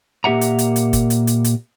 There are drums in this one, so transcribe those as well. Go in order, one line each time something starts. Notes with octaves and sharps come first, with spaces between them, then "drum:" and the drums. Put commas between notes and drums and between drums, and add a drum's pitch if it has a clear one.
A#2 A#3 G4 E5 F#5 A#5
drum: hi-hat
drum: hi-hat
drum: hi-hat
drum: kick F#1, hi-hat
drum: hi-hat
drum: hi-hat
drum: hi-hat